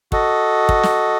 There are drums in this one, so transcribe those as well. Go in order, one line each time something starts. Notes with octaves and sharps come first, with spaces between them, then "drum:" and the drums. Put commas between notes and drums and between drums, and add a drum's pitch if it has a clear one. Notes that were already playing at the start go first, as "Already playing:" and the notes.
F#4 A4 D#5, drum: kick
drum: kick
drum: snare